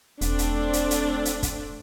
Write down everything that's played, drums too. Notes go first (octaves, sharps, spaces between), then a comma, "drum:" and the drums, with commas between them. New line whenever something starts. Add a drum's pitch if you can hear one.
E1 A3 C4 D4, drum: hi-hat
drum: hi-hat
drum: hi-hat
drum: hi-hat
drum: hi-hat
drum: kick, hi-hat